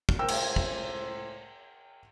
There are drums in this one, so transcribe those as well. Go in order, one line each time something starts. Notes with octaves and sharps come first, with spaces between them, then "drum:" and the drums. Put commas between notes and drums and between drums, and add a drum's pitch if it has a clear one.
drum: kick
C#2 A2 A#4 C5 G5 E6
drum: cymbal
drum: kick